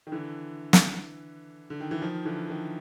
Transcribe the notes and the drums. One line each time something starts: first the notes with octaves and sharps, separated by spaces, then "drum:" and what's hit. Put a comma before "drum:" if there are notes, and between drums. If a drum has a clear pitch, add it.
D#3
D3 E3
drum: snare
D3
D#3
E3
D#3 F3
D3 E3
D#3